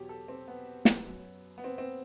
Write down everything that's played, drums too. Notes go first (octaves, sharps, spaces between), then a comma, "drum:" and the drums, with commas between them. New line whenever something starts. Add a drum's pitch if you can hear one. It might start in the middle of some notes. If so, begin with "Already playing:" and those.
Already playing: E2 B2 F#3 G4
A4
C4
B3
drum: snare
F#2 F#3
B3
C4
C4